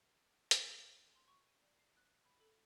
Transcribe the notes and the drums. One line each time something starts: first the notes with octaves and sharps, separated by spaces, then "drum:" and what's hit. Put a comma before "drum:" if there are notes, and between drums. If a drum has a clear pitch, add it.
drum: hi-hat
C6
C#6
D#7
D5
C7
F#6
B5
A4